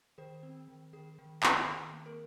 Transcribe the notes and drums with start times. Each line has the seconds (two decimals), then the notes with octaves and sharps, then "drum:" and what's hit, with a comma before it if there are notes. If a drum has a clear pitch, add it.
0.18 D#3 G#4 C5
0.43 C4
0.68 D#3
0.93 D#3 G#4
1.19 D#3
1.43 C4, drum: clap
1.68 D#3 G#4
1.93 A#3
2.06 A#4